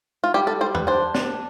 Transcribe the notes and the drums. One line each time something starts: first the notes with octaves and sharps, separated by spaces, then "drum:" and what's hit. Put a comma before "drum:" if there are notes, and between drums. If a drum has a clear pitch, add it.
F4
G3 G4
A4
G3 C5
B4, drum: tom
D4 C5
D4, drum: snare